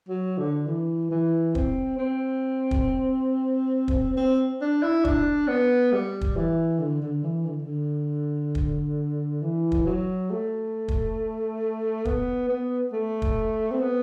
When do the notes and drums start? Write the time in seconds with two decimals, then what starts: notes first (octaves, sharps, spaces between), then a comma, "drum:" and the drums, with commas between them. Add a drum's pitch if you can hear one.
0.09 F#3
0.38 D3
0.67 E3
1.11 E3
1.55 C4, drum: kick
1.98 C4
2.71 drum: kick
3.88 drum: kick
4.17 C4
4.61 D4
4.83 E4
5.05 D4, drum: kick
5.48 B3
5.92 G3
6.21 drum: kick
6.37 E3
6.80 D3
7.02 D3
7.24 E3
7.46 D3
7.63 D3
8.55 drum: kick
9.42 E3
9.72 drum: kick
9.86 F#3
10.31 A3
10.88 drum: kick
12.05 B3, drum: kick
12.49 B3
12.93 A3
13.22 drum: kick
13.71 C4
13.81 B3